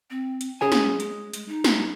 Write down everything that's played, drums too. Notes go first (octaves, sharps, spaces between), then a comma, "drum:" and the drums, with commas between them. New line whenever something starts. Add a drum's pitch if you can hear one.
C4
drum: hi-hat
C#4 G#4 C#5 G#5
drum: snare
G#3, drum: hi-hat
G#3, drum: hi-hat
D#4
drum: snare